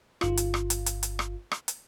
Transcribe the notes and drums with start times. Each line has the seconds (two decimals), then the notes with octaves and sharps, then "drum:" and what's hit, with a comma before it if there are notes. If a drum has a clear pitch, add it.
0.21 G1 F4, drum: rim click
0.37 drum: hi-hat
0.54 drum: rim click
0.70 drum: hi-hat
0.86 drum: hi-hat
1.03 drum: hi-hat
1.19 drum: rim click
1.52 drum: rim click
1.68 drum: hi-hat